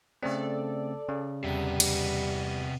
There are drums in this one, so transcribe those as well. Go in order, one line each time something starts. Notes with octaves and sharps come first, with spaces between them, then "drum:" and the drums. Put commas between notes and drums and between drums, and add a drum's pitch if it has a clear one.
C#3 A3 C4 A4 D5
C#3
E2 C3 G3 B3 D#7
drum: cymbal